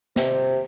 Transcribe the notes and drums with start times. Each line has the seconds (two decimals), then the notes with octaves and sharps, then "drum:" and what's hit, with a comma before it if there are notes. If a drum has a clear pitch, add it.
0.16 C3, drum: snare